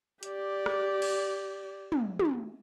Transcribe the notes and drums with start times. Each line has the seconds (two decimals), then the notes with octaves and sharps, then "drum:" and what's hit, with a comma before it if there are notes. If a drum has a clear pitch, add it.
0.23 G4 D5, drum: hi-hat
0.66 drum: rim click
1.02 drum: cymbal
1.92 drum: tom
2.19 drum: tom